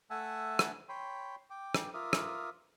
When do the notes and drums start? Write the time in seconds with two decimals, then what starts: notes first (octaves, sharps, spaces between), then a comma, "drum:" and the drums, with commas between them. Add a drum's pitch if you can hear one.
0.10 A3 E5 F#5 G#5 A5 E6
0.59 drum: rim click
0.89 C#5 G5 B5 C6
1.50 G5 D6
1.75 drum: rim click
1.94 F4 A#4 E5 D6 D#6
2.13 drum: rim click